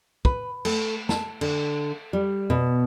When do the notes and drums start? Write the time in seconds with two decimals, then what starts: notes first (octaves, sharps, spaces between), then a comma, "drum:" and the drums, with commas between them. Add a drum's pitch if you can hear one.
0.25 B4, drum: kick
0.65 A3, drum: cymbal
1.09 A5, drum: snare
1.41 D3, drum: cymbal
2.13 G3
2.50 B2